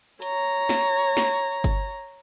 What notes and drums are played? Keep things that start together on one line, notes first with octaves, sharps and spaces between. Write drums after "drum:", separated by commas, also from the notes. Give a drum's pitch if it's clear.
C#5 A#5, drum: hi-hat
drum: snare
drum: snare
drum: kick G1, hi-hat